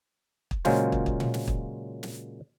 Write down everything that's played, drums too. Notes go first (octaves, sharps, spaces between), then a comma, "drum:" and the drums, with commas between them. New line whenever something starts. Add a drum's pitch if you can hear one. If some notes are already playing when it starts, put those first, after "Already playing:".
drum: kick
A#2 C#3 F#3 G#3 F4 C5, drum: snare
drum: kick
drum: kick
drum: tom A#2
drum: snare
drum: kick
drum: snare